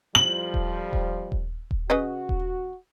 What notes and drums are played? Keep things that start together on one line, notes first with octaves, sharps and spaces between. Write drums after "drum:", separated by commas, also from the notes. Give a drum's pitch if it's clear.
F2 F3 G3 F#7
drum: kick D#1
drum: kick D#1
drum: kick D#1
drum: kick D#1
C#3 F#4 B4 D#5
drum: kick D#1